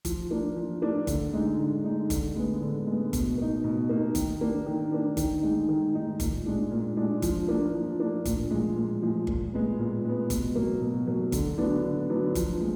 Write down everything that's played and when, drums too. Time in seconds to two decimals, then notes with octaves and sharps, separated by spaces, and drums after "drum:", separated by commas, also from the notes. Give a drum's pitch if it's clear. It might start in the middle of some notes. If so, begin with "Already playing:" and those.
0.05 F3, drum: kick G1, hi-hat
0.31 A#3 D4
0.56 F3
0.82 A#3 D4
1.07 D3, drum: kick G1, hi-hat
1.33 G#3 D#4
1.59 D3
1.84 G#3 D#4
2.10 D3, drum: kick G1, hi-hat
2.36 G#3 B3
2.61 D3
2.87 G#3 B3
3.13 B2, drum: kick G1, hi-hat
3.38 A#3 D#4
3.64 B2
3.89 A#3 D#4
4.15 D#3, drum: kick G1, hi-hat
4.41 A#3 D4
4.66 D#3
4.92 A#3 D4
5.17 D#3, drum: kick G1, hi-hat
5.43 G#3 D#4
5.69 D#3
5.95 G#3 D#4
6.20 A#2, drum: kick G1, hi-hat
6.46 G#3 D4
6.71 A#2
6.97 G#3 D4
7.22 F3, drum: kick G1, hi-hat
7.48 A#3 D4
7.74 F3
8.00 A#3 D4
8.25 A#2, drum: kick G1, hi-hat
8.51 F3 G#3
8.76 A#2
9.02 F3 G#3
9.27 A#2, drum: kick G1
9.54 G#3 B3
9.79 A#2
10.04 G#3 B3
10.30 B2, drum: kick G1, hi-hat
10.55 F#3 A#3
10.81 B2
11.07 F#3 A#3
11.32 D3, drum: kick G1, hi-hat
11.58 F#3 B3 D4
11.83 D3
12.09 F#3 B3 D4
12.35 F3, drum: kick G1, hi-hat
12.61 G#3